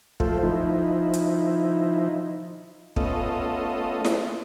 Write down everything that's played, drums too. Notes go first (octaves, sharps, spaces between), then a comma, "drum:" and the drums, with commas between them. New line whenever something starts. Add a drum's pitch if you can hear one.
F3 A3 F4 A4 C5, drum: kick
F3 D#4 E4
drum: hi-hat
A3 B3 C#4 F4 A4 D#5, drum: kick
drum: snare E4